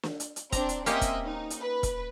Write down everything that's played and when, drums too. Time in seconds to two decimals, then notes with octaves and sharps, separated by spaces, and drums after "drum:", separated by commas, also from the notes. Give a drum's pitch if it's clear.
0.03 drum: snare
0.20 drum: hi-hat
0.36 drum: hi-hat
0.52 C4 D4 A#5, drum: kick E1, hi-hat
0.69 drum: hi-hat
0.86 A#3 C4 C#4 G4 D#5 E5, drum: hi-hat
1.01 drum: kick E1, hi-hat
1.25 D#4
1.50 drum: hi-hat
1.60 B4
1.83 drum: kick E1, hi-hat